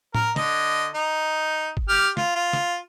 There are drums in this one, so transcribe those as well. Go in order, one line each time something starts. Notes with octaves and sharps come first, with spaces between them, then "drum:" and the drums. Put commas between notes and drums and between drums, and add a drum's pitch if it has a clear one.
A#4, drum: tom A2
D3 D#5, drum: snare
D#4
drum: kick
G4 F6
F4, drum: snare
F4
drum: snare